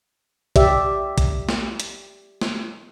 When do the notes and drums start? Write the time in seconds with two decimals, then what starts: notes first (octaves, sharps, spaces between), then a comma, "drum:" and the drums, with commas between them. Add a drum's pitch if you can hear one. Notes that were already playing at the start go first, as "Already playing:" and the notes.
0.56 G4 D5 E5, drum: kick A#1, hi-hat
1.18 drum: kick A#1, hi-hat
1.49 drum: snare
1.80 drum: hi-hat
2.41 drum: snare